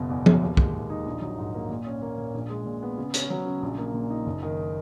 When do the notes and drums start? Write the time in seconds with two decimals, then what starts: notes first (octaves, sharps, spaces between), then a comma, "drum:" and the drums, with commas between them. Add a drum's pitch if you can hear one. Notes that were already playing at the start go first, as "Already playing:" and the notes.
Already playing: F#1 B2
0.10 E2
0.26 F#3, drum: tom F3
0.42 D#2
0.57 G#3, drum: kick
0.74 D#3
0.90 D#4
1.06 A#1
1.21 F#3
1.38 G#2
1.54 A#3
1.69 A#2
1.86 C#4
2.02 A#3
2.18 A#2
2.34 A#1
2.50 G#3
2.65 A#2
2.83 B3
2.98 C#3
3.14 C#4, drum: hi-hat
3.30 F#3
3.46 C#3
3.63 A#1
3.78 A#3
3.94 A#2
4.10 D#4
4.26 F#1
4.43 D#3